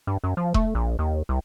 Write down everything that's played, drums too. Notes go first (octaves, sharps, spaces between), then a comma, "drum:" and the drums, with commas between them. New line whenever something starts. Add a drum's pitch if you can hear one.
G2
F#2
F3
A3, drum: kick E1
A#1
D#2
C2